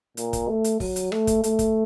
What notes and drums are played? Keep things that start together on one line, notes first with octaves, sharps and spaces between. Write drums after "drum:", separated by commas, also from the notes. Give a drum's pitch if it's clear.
A#2, drum: hi-hat
drum: kick, hi-hat
A3
drum: hi-hat
F#3, drum: kick, open hi-hat
drum: hi-hat
A3, drum: rim click
drum: kick, hi-hat
A3, drum: hi-hat
drum: kick, hi-hat